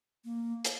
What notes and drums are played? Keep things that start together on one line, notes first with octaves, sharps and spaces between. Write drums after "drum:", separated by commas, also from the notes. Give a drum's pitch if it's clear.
A#3
drum: hi-hat